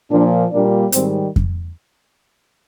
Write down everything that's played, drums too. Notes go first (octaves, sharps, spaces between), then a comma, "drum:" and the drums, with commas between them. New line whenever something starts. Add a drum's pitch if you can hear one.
A#2 F3 A#3 D4
A#2 G3 A#3 D4
G#2 D#3 G3 C4, drum: hi-hat
drum: kick F2